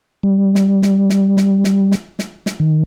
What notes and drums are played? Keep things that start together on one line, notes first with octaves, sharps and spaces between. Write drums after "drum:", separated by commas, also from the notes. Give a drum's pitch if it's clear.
G3
drum: snare
drum: snare
drum: snare
drum: snare
drum: snare
drum: snare
drum: snare
drum: snare
D#3